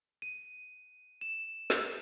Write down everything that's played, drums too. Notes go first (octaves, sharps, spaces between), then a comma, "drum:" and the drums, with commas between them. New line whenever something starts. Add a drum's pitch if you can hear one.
D#7
E7
drum: snare